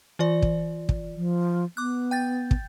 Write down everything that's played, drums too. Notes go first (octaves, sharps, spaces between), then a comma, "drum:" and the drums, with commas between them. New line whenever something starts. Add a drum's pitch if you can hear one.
E3 F4 D5
drum: kick
drum: kick
F3
B3 D6 F#6
G5 G6 A6
drum: kick